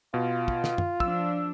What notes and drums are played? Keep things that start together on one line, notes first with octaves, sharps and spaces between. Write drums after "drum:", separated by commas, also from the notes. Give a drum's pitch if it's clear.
B2 F4
drum: kick
drum: snare
drum: tom
F3 D4 E6, drum: kick